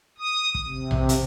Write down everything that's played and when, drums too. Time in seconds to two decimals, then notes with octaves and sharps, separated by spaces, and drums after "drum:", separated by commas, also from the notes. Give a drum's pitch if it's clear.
0.18 D#6
0.55 drum: kick
0.68 C3
0.91 drum: tom A#1
1.09 drum: hi-hat